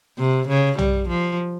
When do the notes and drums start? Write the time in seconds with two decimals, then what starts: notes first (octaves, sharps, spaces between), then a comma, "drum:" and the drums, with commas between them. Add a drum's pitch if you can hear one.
0.18 C3
0.48 C#3
0.78 G3, drum: tom B1
1.08 F3